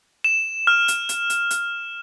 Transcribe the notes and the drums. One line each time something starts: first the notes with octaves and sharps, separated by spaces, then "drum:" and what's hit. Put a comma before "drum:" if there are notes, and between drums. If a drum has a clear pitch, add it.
E7
F6
drum: hi-hat
drum: hi-hat
drum: hi-hat
drum: hi-hat